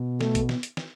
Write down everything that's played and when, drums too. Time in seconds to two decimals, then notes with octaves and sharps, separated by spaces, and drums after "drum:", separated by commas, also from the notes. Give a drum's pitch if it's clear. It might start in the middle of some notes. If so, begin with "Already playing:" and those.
Already playing: B2
0.21 A3, drum: snare
0.35 drum: kick A1, hi-hat
0.49 drum: snare
0.63 drum: hi-hat
0.77 drum: snare